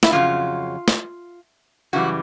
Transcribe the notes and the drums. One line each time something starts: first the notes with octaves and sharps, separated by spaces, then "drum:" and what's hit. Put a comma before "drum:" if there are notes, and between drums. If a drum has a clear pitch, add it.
E4, drum: snare
F2 C#3 F#3 F4
drum: snare
F#2 C#3 E3 G3 F#4